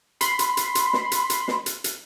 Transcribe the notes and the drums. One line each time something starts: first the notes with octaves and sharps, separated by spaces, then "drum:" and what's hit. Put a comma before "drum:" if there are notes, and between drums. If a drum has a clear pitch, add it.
B5 C6, drum: hi-hat
drum: hi-hat
drum: hi-hat
drum: hi-hat
drum: snare
drum: hi-hat
drum: hi-hat
drum: snare
drum: hi-hat
drum: hi-hat